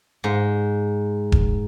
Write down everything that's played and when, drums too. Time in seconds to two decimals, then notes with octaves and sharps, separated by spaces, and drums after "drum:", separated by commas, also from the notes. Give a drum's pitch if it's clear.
0.24 G#2
1.32 drum: kick E1